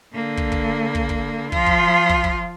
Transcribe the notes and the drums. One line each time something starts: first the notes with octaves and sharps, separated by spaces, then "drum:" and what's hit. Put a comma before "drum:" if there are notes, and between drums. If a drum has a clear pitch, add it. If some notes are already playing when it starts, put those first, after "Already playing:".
D3 A#3
drum: kick
drum: kick
drum: kick
drum: kick
F3 F4, drum: kick
drum: kick
drum: kick
drum: kick